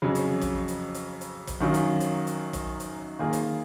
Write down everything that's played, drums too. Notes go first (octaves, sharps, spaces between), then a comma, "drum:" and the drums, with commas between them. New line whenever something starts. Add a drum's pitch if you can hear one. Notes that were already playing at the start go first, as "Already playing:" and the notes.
F2 C#3 F#3
drum: hi-hat
drum: kick, hi-hat
drum: hi-hat
drum: hi-hat
drum: hi-hat
drum: kick, hi-hat
F#2 D#3 F#3 C#4 F4
drum: hi-hat
drum: hi-hat
drum: hi-hat
drum: kick, hi-hat
drum: hi-hat
D#3 A#3 F4 G#4
drum: hi-hat